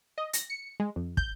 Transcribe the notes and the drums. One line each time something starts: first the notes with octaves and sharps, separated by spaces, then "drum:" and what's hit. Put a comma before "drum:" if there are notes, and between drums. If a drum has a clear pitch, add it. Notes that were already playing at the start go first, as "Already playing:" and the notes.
D#5
A#6, drum: hi-hat
C#7
G#3
F2
G6, drum: kick